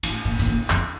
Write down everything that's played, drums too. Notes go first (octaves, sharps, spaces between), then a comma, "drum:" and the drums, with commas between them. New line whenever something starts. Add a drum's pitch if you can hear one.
A2, drum: cymbal
A#2
B2, drum: hi-hat
A#2
F2, drum: clap